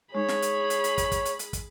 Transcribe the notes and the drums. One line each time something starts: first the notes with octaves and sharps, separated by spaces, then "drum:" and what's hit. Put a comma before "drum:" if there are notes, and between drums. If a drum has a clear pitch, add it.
G#3 D#4 G#4 C#5 B5
drum: snare
drum: hi-hat
drum: hi-hat
drum: hi-hat
drum: kick, hi-hat
drum: kick, hi-hat
drum: hi-hat
drum: hi-hat
drum: kick, hi-hat